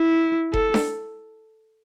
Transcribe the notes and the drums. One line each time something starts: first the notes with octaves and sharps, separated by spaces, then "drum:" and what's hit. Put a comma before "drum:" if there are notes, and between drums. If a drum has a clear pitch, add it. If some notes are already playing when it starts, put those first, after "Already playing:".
Already playing: E4
A4, drum: kick F1
drum: snare D4